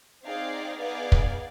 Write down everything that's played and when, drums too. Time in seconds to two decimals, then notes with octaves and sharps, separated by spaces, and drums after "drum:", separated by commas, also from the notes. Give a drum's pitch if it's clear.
0.24 C4 D#4 G#4 D5 F5
0.79 B3 D#4 G#4 D5 F5
1.12 drum: kick